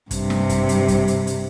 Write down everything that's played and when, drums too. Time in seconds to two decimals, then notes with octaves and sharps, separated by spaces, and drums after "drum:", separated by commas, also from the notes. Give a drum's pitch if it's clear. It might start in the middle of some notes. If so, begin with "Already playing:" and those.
0.11 G2 C3, drum: kick, hi-hat
0.30 drum: snare
0.49 drum: kick, hi-hat
0.69 drum: hi-hat
0.88 drum: kick, hi-hat
1.08 drum: hi-hat
1.27 drum: hi-hat